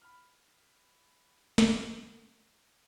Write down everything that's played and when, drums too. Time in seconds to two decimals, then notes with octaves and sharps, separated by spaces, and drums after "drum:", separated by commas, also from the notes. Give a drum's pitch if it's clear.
0.02 B5 F6
1.58 drum: snare